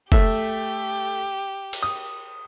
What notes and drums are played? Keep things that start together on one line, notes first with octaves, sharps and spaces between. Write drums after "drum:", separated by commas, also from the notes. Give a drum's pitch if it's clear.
A3 G4 E5, drum: kick
drum: cymbal
D#6